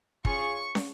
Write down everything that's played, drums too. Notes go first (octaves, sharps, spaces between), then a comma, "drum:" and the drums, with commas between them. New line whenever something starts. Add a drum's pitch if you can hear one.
C#4 F4 G#4 C#6, drum: kick
drum: snare